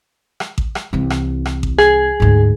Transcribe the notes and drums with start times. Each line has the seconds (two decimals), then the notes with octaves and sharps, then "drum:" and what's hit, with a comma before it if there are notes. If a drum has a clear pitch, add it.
0.40 drum: rim click
0.58 drum: kick A1
0.75 drum: rim click
0.93 C2 E3
1.10 drum: rim click
1.46 drum: rim click
1.63 drum: kick A1
1.78 G#4, drum: rim click
2.20 D2 G#2